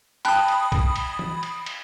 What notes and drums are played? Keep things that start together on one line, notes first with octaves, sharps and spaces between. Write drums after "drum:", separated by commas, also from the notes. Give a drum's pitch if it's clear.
G5 A5 B5 D#6 F#6, drum: cymbal
drum: cymbal
drum: kick B1, cymbal
drum: cymbal
drum: tom E3
drum: cymbal
drum: cymbal